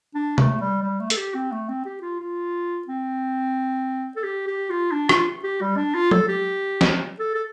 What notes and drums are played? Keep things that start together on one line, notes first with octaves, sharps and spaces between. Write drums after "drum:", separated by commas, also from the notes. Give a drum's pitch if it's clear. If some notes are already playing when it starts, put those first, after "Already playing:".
D4
A3, drum: tom C3
G3
G3
A3
A4, drum: hi-hat
G4
C4
A3
C4
G4
F4
F4
C4
A4
G4
G4
F4
D4
F4, drum: rim click
G4
G3
D4
F4
A4, drum: tom F3
G4
drum: snare
A4
A4